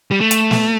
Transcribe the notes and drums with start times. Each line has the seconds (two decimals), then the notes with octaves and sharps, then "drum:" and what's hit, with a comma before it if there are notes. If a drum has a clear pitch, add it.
0.11 G3
0.21 A3
0.31 drum: hi-hat
0.51 drum: snare